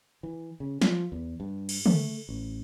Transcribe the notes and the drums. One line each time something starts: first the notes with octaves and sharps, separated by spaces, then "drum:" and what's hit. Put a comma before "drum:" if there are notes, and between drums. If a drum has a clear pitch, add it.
E3
C#3
F3, drum: snare
E2
G2
drum: cymbal
A3, drum: tom
A1